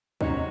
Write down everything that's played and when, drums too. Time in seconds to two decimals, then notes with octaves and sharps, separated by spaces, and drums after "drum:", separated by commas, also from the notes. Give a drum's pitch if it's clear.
0.21 C3 F#3 C#4 D#4 F#4 C#5, drum: kick